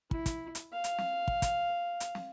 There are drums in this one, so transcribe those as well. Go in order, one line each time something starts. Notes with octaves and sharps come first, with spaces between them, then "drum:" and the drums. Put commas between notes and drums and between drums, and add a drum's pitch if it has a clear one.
E4, drum: kick
drum: kick, hi-hat
drum: hi-hat
F5
drum: hi-hat
drum: snare
drum: kick
drum: kick, hi-hat
drum: hi-hat
drum: snare